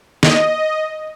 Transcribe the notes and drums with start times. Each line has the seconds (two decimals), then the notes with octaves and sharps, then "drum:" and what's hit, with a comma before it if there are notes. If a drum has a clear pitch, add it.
0.23 D#5, drum: snare